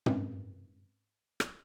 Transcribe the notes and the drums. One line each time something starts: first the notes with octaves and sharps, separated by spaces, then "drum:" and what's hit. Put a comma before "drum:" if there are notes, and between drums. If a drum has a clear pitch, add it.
G#2 G#3 C4 C#4 A#4 B4, drum: tom
drum: rim click